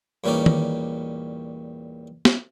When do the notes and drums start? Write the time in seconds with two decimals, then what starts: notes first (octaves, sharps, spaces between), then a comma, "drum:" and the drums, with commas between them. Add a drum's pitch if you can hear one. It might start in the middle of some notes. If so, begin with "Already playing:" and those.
0.24 E2 A#2 G3 C#4 D#4 D5
0.46 drum: tom D#3
2.25 drum: snare